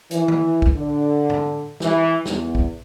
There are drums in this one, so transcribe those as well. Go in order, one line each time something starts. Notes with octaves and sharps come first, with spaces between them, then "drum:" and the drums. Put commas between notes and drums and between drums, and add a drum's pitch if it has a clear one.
E3, drum: hi-hat
drum: tom D#3
drum: kick
D3
drum: tom G#2
E3, drum: snare
E2, drum: snare
drum: kick